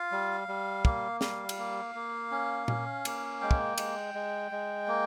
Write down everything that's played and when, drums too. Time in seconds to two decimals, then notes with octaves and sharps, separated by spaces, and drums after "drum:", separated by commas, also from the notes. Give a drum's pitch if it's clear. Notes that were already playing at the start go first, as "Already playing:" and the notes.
Already playing: F4 F5
0.12 G3
0.48 G3
0.85 A#3, drum: kick
1.21 G3 F5, drum: snare
1.49 drum: cymbal
1.58 A#3
1.95 A#3
2.31 C#4
2.68 C#4, drum: tom A#2
3.05 A#3, drum: cymbal
3.42 G#3 G5
3.51 drum: kick
3.78 G#3, drum: cymbal
4.15 G#3
4.51 G#3
4.88 A#3